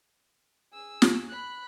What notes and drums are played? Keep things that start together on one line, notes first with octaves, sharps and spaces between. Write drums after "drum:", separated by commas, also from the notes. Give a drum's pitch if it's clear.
G#4 E6
drum: snare
B5 F#6